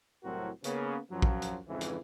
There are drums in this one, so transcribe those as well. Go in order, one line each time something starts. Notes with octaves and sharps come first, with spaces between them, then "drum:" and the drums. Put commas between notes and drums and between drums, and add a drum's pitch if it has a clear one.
C2 A2 F#3 C4 F#4 A#4
C#3 A#3 B3, drum: hi-hat
F#2 F3 F#3
drum: kick
drum: hi-hat
F2 G#2 C#3 E3
drum: hi-hat